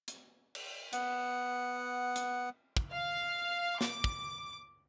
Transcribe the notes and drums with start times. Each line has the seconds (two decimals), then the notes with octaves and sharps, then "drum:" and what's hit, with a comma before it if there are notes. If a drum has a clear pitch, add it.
0.08 drum: hi-hat
0.55 drum: cymbal
0.93 B3 F#5, drum: hi-hat
2.16 drum: hi-hat
2.77 drum: kick
2.92 F5
3.81 D6, drum: snare
4.04 drum: kick